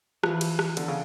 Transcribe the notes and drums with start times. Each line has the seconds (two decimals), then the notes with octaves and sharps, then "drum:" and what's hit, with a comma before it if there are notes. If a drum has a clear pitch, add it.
0.23 E3 F3, drum: rim click
0.41 drum: cymbal
0.59 drum: rim click
0.77 D3, drum: cymbal
0.88 C#3